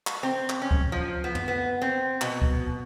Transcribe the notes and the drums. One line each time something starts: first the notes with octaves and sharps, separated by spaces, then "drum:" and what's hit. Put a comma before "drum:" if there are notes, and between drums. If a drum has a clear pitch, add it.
drum: clap
C4
drum: clap
C#4
drum: kick C#2
F3
B3
drum: tom
B3
C4
B2, drum: clap
drum: kick C#2